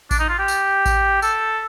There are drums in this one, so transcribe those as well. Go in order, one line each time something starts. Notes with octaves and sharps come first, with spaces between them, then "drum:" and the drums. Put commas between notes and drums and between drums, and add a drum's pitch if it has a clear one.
D4, drum: kick A1, tambourine
D#4
F4
G4
drum: tambourine
drum: kick A1, tambourine
A4, drum: tambourine